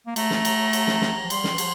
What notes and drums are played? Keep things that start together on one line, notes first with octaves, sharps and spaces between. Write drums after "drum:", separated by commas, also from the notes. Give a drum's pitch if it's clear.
A#3
A3 A#5, drum: cymbal
drum: snare
drum: cymbal
drum: cymbal
drum: snare
drum: snare
F3
G3 C6, drum: cymbal
drum: snare
E3
F3, drum: cymbal